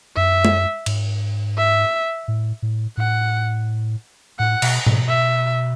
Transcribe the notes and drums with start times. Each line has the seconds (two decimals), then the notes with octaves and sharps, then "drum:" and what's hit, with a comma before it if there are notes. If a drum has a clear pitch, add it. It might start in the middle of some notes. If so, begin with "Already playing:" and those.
0.16 F#2 E5
0.45 drum: tom G#3
0.86 G#2, drum: cymbal
1.58 E5
2.28 A2
2.62 A2
2.97 A2 F#5
4.39 A2 F#5
4.62 B2, drum: cymbal
4.86 B2, drum: tom
5.09 E5